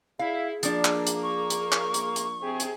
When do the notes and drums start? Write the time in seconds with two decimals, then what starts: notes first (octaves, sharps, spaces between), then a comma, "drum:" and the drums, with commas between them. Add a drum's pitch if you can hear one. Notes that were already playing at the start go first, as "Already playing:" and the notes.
0.19 E4 G#4 F5
0.63 F3 A#3 D4, drum: hi-hat
0.85 drum: clap
1.07 drum: hi-hat
1.23 C#6
1.50 drum: hi-hat
1.72 drum: clap
1.94 drum: hi-hat
2.16 drum: hi-hat
2.41 C3 C4 G4 G#4
2.60 drum: hi-hat